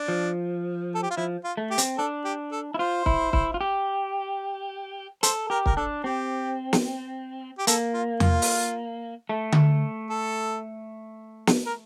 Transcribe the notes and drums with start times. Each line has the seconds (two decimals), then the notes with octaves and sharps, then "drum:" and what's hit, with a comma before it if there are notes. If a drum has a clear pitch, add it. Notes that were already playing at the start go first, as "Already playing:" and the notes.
Already playing: D4
0.08 F3
0.95 A4
1.03 G4
1.10 F4
1.17 F3 E4
1.44 F4
1.57 A3
1.71 G4
1.78 C4, drum: hi-hat
1.98 D4 A4
2.25 G4
2.52 A4
2.74 E4
2.79 F4 C5
3.06 E4, drum: kick
3.33 E4, drum: kick
3.54 F4
3.61 G4
5.23 A4 C5, drum: hi-hat
5.50 G4 A#4
5.66 A#4, drum: kick
5.77 D4 A4
6.04 C4 G4
6.73 drum: snare
7.58 G4
7.67 A#3 A4, drum: hi-hat
7.94 F4
8.20 F4, drum: tom E2
8.42 drum: open hi-hat
9.29 A3
9.52 drum: tom D3
10.10 A4
11.47 drum: snare
11.66 A#4